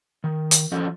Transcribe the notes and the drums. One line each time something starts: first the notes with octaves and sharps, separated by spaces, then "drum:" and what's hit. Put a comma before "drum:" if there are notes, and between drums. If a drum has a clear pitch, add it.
D#3
drum: hi-hat
F3 C#4 A4 D#5